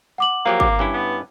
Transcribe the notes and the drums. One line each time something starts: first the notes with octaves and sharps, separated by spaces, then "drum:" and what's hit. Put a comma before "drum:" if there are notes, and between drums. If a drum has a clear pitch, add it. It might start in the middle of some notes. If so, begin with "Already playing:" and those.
F#5 D6 F#7
F3 F#3 A#3 G4
D6, drum: kick G#1
G2 C#4 E4
B3